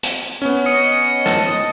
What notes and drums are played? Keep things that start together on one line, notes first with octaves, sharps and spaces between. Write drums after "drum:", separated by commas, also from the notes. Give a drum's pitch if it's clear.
drum: hi-hat
B3 C#4
D#5 C#7
A5 A6, drum: rim click